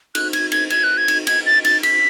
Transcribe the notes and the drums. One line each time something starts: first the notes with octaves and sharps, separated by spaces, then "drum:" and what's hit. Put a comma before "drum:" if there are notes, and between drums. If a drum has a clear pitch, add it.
F#6, drum: cymbal
G#6, drum: cymbal
G#6, drum: cymbal
G#6, drum: cymbal
F#6
G#6
drum: cymbal
G#6, drum: cymbal
A6
A6, drum: cymbal
B6, drum: cymbal